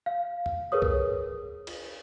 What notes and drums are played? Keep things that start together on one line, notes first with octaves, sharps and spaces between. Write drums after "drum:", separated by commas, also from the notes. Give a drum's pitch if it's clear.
F5
drum: tom E2
G#4 A#4 B4 C#5 D#6
drum: kick
drum: cymbal